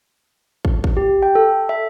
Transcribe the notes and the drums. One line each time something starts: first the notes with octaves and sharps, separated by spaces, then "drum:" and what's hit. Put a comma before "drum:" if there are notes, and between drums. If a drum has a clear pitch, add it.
drum: kick
drum: kick
G4
G5
A4
E5